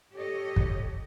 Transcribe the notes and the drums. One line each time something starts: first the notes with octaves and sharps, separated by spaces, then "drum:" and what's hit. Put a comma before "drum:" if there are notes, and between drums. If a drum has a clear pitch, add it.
G4 A4 C#5 D#5
drum: kick